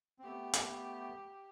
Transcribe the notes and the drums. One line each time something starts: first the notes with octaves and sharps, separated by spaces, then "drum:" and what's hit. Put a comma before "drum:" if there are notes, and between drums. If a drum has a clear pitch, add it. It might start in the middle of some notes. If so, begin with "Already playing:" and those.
C4
A3 B3 G4
drum: hi-hat